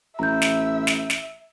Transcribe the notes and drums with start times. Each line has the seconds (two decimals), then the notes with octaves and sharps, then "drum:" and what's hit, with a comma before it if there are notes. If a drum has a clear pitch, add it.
0.19 A1 E5 A#5 G6
0.42 drum: snare
0.87 drum: snare
1.10 drum: snare